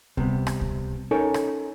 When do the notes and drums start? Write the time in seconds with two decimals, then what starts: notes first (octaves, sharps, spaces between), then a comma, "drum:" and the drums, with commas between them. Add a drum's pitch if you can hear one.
0.17 C3 G3 B3, drum: kick C#2
0.47 drum: rim click
0.61 drum: kick C#2
1.11 C#4 D#4 A4 A#4 C#5 G#5
1.34 drum: rim click